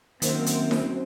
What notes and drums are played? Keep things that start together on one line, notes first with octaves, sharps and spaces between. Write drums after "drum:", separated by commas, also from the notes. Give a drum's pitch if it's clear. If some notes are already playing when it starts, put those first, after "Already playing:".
F#2 D#3 A#3 C4 C5, drum: hi-hat
drum: hi-hat
drum: snare D#4